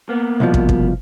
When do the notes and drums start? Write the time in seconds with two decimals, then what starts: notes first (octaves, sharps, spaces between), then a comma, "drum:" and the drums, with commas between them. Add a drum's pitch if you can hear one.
0.09 A#3 B3
0.40 C2 B2 F3
0.54 drum: kick
0.69 drum: kick